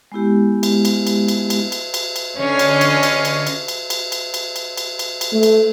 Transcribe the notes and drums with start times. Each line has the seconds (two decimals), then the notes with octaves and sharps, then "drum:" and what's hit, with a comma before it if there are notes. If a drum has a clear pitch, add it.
0.12 G#3 B3 E4 G4
0.63 drum: cymbal
0.85 drum: cymbal
1.07 drum: cymbal
1.28 drum: cymbal
1.50 drum: cymbal
1.72 drum: cymbal
1.94 drum: cymbal
2.16 drum: cymbal
2.38 D3 C#4 C#5 D#5 F6 C7
2.59 drum: cymbal
2.81 drum: cymbal
3.03 drum: cymbal
3.25 drum: cymbal
3.47 drum: cymbal
3.68 drum: cymbal
3.90 drum: cymbal
4.12 drum: cymbal
4.34 drum: cymbal
4.56 drum: cymbal
4.77 drum: cymbal
4.99 drum: cymbal
5.21 drum: cymbal
5.33 A3
5.43 drum: cymbal